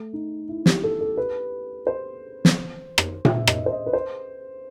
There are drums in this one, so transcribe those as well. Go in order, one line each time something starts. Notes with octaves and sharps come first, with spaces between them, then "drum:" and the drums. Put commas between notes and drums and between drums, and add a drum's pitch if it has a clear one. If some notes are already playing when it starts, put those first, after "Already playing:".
Already playing: A3
D#4
E4
G4, drum: snare
A4
A4
B4
C5
drum: snare
drum: rim click
E5, drum: tom A#2
D#5, drum: rim click
C5
D#5
B4
C5